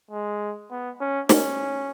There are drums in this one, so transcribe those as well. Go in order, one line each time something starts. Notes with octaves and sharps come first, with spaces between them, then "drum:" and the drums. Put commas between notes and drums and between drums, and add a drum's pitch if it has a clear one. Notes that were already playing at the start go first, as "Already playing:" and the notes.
G#3
B3
C#4
C#4, drum: snare